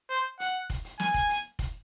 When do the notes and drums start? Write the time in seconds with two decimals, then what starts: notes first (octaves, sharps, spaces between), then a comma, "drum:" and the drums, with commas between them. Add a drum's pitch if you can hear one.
0.10 C5
0.40 F#5, drum: hi-hat
0.70 drum: kick F1, hi-hat
0.85 drum: hi-hat
1.00 G#5, drum: snare
1.14 drum: kick F1, hi-hat
1.29 drum: hi-hat
1.59 drum: kick F1, hi-hat